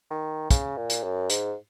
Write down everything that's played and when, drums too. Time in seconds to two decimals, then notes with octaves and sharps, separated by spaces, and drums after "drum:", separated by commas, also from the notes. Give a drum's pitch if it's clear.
0.11 D#3
0.51 C#3, drum: kick, hi-hat
0.77 A#2
0.90 drum: hi-hat
1.03 F#2
1.30 G#2, drum: hi-hat